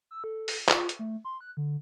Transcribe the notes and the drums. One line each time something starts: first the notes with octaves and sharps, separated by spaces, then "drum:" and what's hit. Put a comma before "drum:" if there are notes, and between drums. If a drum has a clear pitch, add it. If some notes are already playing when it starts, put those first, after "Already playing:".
E6
A4
drum: open hi-hat
F4, drum: clap
drum: hi-hat
A3
C6
F#6
D3